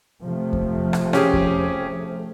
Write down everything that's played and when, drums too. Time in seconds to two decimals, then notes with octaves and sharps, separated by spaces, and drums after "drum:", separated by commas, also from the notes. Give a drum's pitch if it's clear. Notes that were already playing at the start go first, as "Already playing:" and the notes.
0.22 C3 F3 A3
0.53 drum: kick E2
0.93 drum: rim click
1.13 C#4 G4 G#4, drum: rim click
1.33 drum: kick E2